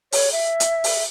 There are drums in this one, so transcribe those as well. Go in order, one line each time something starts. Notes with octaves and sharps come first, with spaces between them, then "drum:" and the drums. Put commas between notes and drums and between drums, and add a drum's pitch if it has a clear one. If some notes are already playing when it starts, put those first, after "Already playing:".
C#5, drum: open hi-hat
E5
drum: hi-hat
drum: open hi-hat